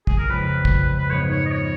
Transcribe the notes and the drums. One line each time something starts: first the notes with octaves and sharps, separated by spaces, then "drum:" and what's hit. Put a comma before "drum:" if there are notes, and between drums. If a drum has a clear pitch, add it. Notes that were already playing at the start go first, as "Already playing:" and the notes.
G#4, drum: kick
A#4
F2 C#3 G#3 B4
drum: kick
B4
G#2 F3 B3 D#4 C#5
C#5
D#5
C#5